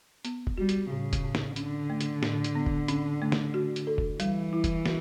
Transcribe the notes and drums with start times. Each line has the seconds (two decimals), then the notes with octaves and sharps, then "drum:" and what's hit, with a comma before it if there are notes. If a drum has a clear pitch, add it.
0.25 B3, drum: hi-hat
0.47 drum: kick F1
0.58 G3 F#4
0.69 drum: hi-hat
0.90 A2 C#3
1.13 drum: kick F1, hi-hat
1.24 A2
1.35 drum: snare
1.56 D3 C#4, drum: hi-hat
1.90 A3
2.01 drum: hi-hat
2.23 A2, drum: snare
2.44 drum: hi-hat
2.55 B3
2.66 drum: kick F1
2.88 C#4, drum: hi-hat
3.22 A3
3.32 drum: snare
3.54 F#4
3.76 drum: hi-hat
3.87 A4
3.98 drum: kick F1
4.20 E3 G3, drum: hi-hat
4.53 E4
4.64 drum: kick F1, hi-hat
4.86 F#4, drum: snare